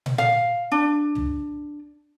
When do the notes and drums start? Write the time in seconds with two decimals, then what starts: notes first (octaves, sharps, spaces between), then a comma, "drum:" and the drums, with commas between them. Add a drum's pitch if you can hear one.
0.06 drum: tom A#2
0.18 F5
0.72 D4
1.15 drum: tom